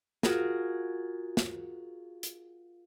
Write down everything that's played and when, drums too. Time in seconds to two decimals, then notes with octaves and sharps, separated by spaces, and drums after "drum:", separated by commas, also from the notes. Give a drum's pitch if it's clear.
0.23 F4 F#4 G#4 A#4, drum: snare
1.37 drum: snare
2.23 drum: hi-hat